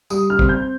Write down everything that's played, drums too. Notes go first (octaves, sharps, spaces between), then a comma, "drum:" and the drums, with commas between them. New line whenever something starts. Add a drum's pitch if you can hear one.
G3 D#6, drum: tambourine
F6
C4, drum: kick
G6